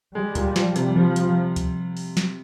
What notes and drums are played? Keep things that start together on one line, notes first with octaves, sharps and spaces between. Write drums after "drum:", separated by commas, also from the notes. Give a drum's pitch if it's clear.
G3 G#3
A#2, drum: kick C#2, hi-hat
F3, drum: snare
C3, drum: hi-hat
F3 G3
drum: hi-hat
drum: kick C#2, hi-hat
drum: open hi-hat
drum: snare